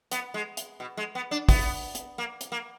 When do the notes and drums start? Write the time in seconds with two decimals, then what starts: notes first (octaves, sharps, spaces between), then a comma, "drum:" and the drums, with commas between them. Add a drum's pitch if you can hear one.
0.11 B3, drum: hi-hat
0.34 G#3
0.57 drum: hi-hat
0.80 B2
0.97 G#3
1.15 B3
1.31 D4
1.49 B3, drum: kick, open hi-hat
1.95 drum: hi-hat
2.18 A#3
2.41 drum: hi-hat
2.52 A#3